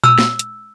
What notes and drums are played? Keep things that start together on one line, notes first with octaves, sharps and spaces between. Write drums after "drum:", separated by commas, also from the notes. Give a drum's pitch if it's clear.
E6, drum: tom A#2
drum: snare
drum: hi-hat